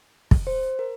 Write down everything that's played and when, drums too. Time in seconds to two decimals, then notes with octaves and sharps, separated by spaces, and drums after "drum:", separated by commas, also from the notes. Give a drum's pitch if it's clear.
0.31 drum: kick
0.47 C5
0.79 A#4